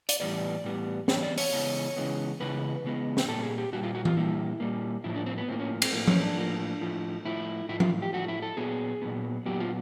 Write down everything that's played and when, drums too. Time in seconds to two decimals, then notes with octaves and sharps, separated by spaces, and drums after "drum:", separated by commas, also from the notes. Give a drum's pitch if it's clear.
0.09 D5, drum: hi-hat
0.20 A2 E3 G3 B3 D5
0.64 A2 E3 G3 B3
1.08 A2 E3 G3 B3 C#5, drum: snare
1.23 D5
1.38 C#5, drum: open hi-hat
1.52 C#3 E3 G#3 B3
1.96 C#3 E3 G#3 B3
2.40 C#3 E3 G#3 B3 B4
2.84 C#3 E3 G#3 B3
3.17 drum: snare
3.28 A#2 G3 A#3 A4
3.43 G#4
3.58 G4
3.73 A#2 G3 A#3 F#4
3.83 F4
3.95 F#4
4.05 F4, drum: tom E3
4.16 A#2 G3 A#3 E4
4.60 A#2 G3 A#3
5.04 A2 F3 A#3 E4
5.16 D4
5.26 C4
5.37 B3
5.48 A2 F3 A#3 C4
5.60 C#4
5.82 C4, drum: cymbal
5.93 A2 F3 A#3
6.08 C#4, drum: tom F3
6.22 D4
6.37 A2 F3 A#3
6.81 A2 F3 A3
7.25 A2 F3 A3 E4
7.69 A2 F3 A3 E4
7.80 F4, drum: tom F3
8.02 G4
8.13 A2 F3 A3 F#4
8.28 E4
8.42 A4
8.57 A#2 F#3 B3 G#4
9.02 A#2 F#3 B3
9.46 A#2 F#3 B3 G4
9.60 F4